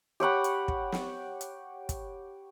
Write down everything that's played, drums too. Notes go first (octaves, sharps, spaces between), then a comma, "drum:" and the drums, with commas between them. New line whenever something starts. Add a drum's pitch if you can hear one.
G4 C#5 F#5 B5
drum: hi-hat
drum: kick
drum: snare
drum: hi-hat
drum: kick, hi-hat